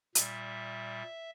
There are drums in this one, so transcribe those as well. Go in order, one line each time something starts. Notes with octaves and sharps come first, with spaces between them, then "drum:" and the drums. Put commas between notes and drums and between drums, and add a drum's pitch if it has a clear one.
A#2 G3 E5, drum: hi-hat